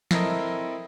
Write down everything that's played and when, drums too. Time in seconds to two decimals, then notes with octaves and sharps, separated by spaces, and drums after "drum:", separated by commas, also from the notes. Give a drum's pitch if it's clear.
0.11 C4 E4 A4 A#4 D#5, drum: snare